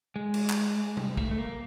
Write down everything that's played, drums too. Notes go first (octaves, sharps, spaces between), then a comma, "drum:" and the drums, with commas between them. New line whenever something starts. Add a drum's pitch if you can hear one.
G#3
drum: cymbal
drum: clap
G3, drum: tom C3
A3, drum: kick
A3
A#3